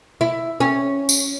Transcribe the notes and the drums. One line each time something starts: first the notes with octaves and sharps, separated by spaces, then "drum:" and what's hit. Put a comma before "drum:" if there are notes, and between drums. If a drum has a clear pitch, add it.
E4
C#4
drum: tambourine